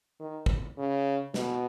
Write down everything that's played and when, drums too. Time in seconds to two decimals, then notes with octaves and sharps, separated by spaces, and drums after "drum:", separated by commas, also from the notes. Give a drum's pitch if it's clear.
0.20 D#3
0.46 drum: kick
0.78 C#3
1.34 B2, drum: snare